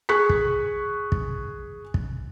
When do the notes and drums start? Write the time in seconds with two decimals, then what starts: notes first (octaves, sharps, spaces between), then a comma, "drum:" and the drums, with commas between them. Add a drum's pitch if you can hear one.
0.09 G#4 C#6 F#6 B6
0.29 drum: kick
1.12 drum: kick
1.94 drum: kick